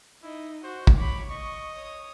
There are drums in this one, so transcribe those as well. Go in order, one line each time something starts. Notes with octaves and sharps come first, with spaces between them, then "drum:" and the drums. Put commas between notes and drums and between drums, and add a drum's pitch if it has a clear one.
D#4 E4 D#5
F#4 C5
drum: kick
C#5 B5 D6
D#5 C#6
C#5 D#6